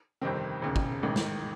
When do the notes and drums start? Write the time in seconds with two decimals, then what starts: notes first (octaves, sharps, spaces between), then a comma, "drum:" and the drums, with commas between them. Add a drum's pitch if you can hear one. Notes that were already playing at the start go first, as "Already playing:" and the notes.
0.21 G1 F2 C3 D#3 C4
0.62 E1 D#2 C#3
0.76 drum: kick
1.03 A1 G#2 D#3
1.16 drum: snare